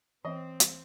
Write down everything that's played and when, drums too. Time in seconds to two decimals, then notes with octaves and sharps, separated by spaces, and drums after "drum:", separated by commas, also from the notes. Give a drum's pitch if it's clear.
0.25 E3 C4 D#5
0.60 drum: hi-hat